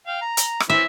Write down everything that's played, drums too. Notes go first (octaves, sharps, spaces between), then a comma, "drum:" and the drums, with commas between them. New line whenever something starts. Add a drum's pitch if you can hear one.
F5 G5
A#5
drum: hi-hat
drum: rim click
E3 C4 E4 E5